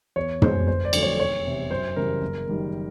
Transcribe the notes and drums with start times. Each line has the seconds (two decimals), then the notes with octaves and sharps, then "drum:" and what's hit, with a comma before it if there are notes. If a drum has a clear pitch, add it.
0.16 E2 C#5
0.42 B2 G#3 C5, drum: tom
0.67 G1 C5
0.85 D5
0.93 F2 D3 F#3 A3, drum: cymbal
1.02 C#5
1.19 E1 C#5
1.45 E2 C3
1.71 F#2 C5
1.96 C#3 E3 G3 A#4
2.22 F#1
2.47 F#2 D#3 G3